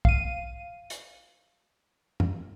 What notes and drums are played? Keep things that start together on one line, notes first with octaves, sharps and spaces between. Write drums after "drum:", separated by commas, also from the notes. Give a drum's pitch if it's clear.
F5 D#7, drum: kick B1
drum: hi-hat
drum: tom